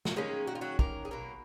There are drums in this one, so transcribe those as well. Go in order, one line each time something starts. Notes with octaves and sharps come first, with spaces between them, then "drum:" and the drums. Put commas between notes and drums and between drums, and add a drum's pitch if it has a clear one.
F#4, drum: snare
D#3 G#3 A#3 C#4 G#4
F#4
F4
F#3 F#4
A#3 A#4, drum: kick
G#4
B2 F#3 A#3 A#4